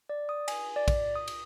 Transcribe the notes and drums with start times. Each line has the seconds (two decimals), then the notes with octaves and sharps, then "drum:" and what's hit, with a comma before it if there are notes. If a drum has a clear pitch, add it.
0.09 D5
0.29 D#6
0.48 G#5, drum: cymbal
0.76 D5
0.88 drum: kick A#1, cymbal
1.15 D#6
1.28 drum: cymbal